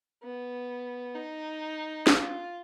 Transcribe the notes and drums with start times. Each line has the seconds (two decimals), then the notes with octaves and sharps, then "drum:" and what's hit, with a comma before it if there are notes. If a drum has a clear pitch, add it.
0.23 B3
1.15 D#4
2.07 F4, drum: snare